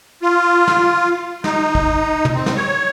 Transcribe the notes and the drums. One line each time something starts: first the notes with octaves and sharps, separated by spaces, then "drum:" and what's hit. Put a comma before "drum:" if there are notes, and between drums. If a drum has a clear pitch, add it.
F4
drum: snare
D#4, drum: snare
drum: kick
drum: tom
C4
drum: snare
C#5